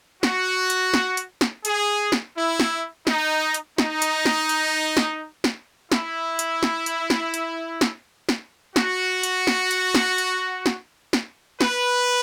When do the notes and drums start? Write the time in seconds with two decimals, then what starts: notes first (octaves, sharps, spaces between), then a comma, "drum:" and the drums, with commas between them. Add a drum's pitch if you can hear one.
0.23 F#4, drum: snare
0.70 drum: hi-hat
0.94 drum: snare
1.17 drum: hi-hat
1.41 drum: snare
1.65 G#4, drum: hi-hat
2.12 drum: snare
2.36 E4
2.60 drum: snare
3.07 D#4, drum: snare
3.54 drum: hi-hat
3.78 D#4, drum: snare
4.02 drum: hi-hat
4.26 drum: snare
4.49 drum: hi-hat
4.97 drum: snare
5.44 drum: snare
5.92 E4, drum: snare
6.39 drum: hi-hat
6.63 drum: snare
6.86 drum: hi-hat
7.10 drum: snare
7.34 drum: hi-hat
7.81 drum: snare
8.29 drum: snare
8.76 F#4, drum: snare
9.23 drum: hi-hat
9.47 drum: snare
9.71 drum: hi-hat
9.95 drum: snare
10.18 drum: hi-hat
10.66 drum: snare
11.13 drum: snare
11.61 B4, drum: snare